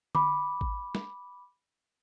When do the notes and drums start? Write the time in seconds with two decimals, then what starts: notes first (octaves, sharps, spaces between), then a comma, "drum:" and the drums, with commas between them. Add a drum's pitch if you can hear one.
0.15 B5 D6, drum: tom D3
0.61 drum: kick G#1
0.95 drum: snare